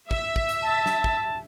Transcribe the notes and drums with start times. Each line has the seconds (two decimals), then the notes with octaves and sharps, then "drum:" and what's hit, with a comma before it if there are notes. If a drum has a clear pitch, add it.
0.11 E5, drum: kick
0.36 drum: kick
0.49 drum: hi-hat
0.63 A5
0.86 drum: snare
1.04 drum: kick